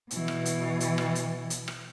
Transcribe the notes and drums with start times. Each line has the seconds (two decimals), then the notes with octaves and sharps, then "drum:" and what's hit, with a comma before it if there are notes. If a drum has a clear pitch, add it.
0.11 B2 E3, drum: hi-hat
0.28 drum: rim click
0.45 drum: hi-hat
0.80 drum: hi-hat
0.98 drum: rim click
1.15 drum: hi-hat
1.50 drum: hi-hat
1.68 drum: rim click